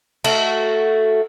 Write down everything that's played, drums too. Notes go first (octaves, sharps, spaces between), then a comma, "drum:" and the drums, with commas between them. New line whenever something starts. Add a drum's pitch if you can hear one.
A3 F#4, drum: cymbal